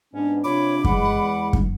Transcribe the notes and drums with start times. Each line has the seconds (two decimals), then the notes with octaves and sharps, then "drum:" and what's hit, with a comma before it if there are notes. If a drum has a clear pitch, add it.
0.13 G#2 B3 C#4 D4
0.44 C3 D4 F4 C#5 B5 D6
0.84 E2 G#3 F#5 D6, drum: kick F#2
1.53 drum: kick F#2